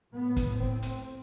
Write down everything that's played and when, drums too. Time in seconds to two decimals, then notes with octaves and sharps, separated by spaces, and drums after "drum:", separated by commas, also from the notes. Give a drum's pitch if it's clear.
0.14 A2 B3
0.36 drum: kick, hi-hat
0.60 C4
0.82 drum: hi-hat